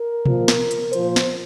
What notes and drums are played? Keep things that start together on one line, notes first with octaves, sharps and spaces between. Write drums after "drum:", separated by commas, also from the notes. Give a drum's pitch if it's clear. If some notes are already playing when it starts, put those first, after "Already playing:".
Already playing: A#4
A#2 F3, drum: tom B2
drum: snare
drum: hi-hat
A#2 F3 C5, drum: hi-hat
drum: snare